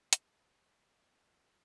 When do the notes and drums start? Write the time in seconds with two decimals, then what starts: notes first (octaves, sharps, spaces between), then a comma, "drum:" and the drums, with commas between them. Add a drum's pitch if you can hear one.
0.13 D3 D#3, drum: hi-hat